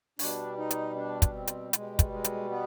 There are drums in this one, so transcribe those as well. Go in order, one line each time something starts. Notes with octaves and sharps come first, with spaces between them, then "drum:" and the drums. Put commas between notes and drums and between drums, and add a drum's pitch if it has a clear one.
B2 G3 D4, drum: open hi-hat
D#4
drum: hi-hat
D4
drum: kick, hi-hat
C4
drum: hi-hat
B2 G3 G#3, drum: hi-hat
drum: kick, hi-hat
G#3
drum: hi-hat
B3